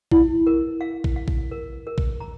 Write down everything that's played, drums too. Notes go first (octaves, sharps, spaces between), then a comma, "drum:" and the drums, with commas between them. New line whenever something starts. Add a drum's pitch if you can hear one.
E4, drum: kick A#1
A#4
F5
drum: kick A#1
F5
drum: kick A#1
A#4
A#4
drum: kick A#1
A#5